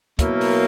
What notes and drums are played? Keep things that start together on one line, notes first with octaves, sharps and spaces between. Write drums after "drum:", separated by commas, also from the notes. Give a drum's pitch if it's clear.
B2 F#3 A#3 E4 A#4, drum: kick, hi-hat
drum: open hi-hat